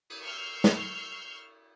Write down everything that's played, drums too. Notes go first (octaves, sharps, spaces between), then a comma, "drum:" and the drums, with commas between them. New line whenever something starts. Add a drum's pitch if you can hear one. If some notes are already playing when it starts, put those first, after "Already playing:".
drum: cymbal
C#6 E6 F6 G6 C7
drum: snare